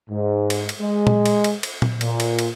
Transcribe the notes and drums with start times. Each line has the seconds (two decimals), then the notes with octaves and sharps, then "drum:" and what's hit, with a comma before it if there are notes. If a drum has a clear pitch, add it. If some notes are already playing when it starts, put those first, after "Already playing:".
0.10 G#2
0.50 drum: cymbal
0.69 drum: cymbal
0.80 G#3
1.07 drum: tom A#2
1.26 drum: cymbal
1.44 drum: cymbal
1.63 drum: cymbal
1.82 drum: tom A#2
2.01 A#2, drum: cymbal
2.20 drum: cymbal
2.39 drum: cymbal